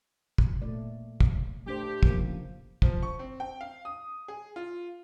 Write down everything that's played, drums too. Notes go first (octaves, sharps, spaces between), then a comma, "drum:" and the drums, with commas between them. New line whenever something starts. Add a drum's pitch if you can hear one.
drum: kick
A#2 A3 D5
drum: kick
A3 D4 G4 C5
C#3 F3 A#3, drum: kick
F3, drum: kick
C#6
C4
G5
F5
D#6
G#4
F4